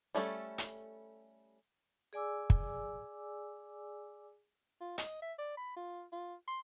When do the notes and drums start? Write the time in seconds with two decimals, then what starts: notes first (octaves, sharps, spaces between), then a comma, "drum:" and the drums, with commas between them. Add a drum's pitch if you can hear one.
0.15 G3 A3 C#4 D#4 A4
0.58 drum: hi-hat
2.13 G#4 D5 G#5 D6 E6
2.50 drum: kick
4.81 F4
4.98 D#5, drum: hi-hat
5.22 E5
5.39 D5
5.57 B5
5.76 F4
6.12 F4
6.48 C6